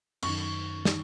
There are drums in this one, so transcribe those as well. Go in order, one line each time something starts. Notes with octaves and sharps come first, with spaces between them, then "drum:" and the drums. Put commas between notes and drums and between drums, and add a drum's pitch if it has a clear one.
F#2 D#3 C#6, drum: cymbal
D#3, drum: snare